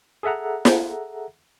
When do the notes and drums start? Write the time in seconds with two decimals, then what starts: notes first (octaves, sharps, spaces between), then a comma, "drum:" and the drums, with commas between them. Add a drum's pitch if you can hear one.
0.23 G#4 A4 E5 F#5 A#5
0.65 drum: snare